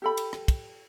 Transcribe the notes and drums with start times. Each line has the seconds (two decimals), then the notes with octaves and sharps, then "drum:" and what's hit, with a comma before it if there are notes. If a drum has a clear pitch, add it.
0.02 G4 A4 B5
0.17 drum: cymbal
0.33 drum: rim click
0.48 drum: kick, cymbal